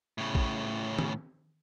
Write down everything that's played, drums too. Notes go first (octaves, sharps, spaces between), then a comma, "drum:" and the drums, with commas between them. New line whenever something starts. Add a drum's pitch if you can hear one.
A2 C#3
drum: kick A#1
drum: tom D#3